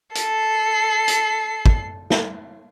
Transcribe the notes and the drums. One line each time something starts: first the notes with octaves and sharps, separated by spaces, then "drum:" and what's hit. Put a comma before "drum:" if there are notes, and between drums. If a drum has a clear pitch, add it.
A4 C7, drum: hi-hat
drum: hi-hat
drum: kick
drum: snare